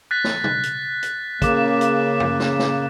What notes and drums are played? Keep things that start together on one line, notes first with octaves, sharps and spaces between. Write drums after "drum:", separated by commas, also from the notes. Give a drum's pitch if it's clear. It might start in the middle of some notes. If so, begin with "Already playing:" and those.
F#6 A6 B6
drum: snare
drum: tom B2
drum: hi-hat
drum: hi-hat
C#3 A#3 D6 E7, drum: kick, hi-hat
drum: hi-hat
drum: tom
drum: snare
drum: snare